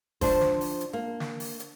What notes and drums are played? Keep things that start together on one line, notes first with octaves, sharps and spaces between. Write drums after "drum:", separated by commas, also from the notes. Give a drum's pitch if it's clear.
F3 D4 C5, drum: kick, open hi-hat
drum: snare
drum: open hi-hat
drum: hi-hat
A#3
drum: snare
drum: open hi-hat
drum: hi-hat